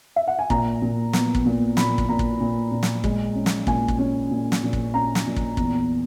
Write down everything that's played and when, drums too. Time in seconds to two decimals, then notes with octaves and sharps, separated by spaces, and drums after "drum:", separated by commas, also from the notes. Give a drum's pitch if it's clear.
0.16 E5
0.28 F#5
0.39 G#5
0.50 A#2 A#5, drum: kick
0.82 A#2
1.13 B3, drum: snare
1.35 drum: kick
1.46 A#2
1.77 A#2 B5, drum: snare
1.98 drum: kick
2.09 A#2 A#5
2.19 drum: kick
2.41 A#2
2.72 A#2
2.83 drum: snare
3.04 G#3, drum: kick
3.35 C#4
3.46 drum: snare
3.67 A#2 G#5, drum: kick
3.88 drum: kick
3.99 C#4
4.31 A#2
4.52 drum: snare
4.63 A#2
4.73 drum: kick
4.94 C#4 A#5
5.15 drum: snare
5.26 A#2
5.36 drum: kick
5.57 E2, drum: kick